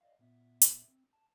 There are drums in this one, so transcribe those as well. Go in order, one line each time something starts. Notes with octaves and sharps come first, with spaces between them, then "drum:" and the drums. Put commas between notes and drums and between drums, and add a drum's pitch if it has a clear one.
D5 D#5 F5
A#2 B3 E5
drum: hi-hat
C4
A5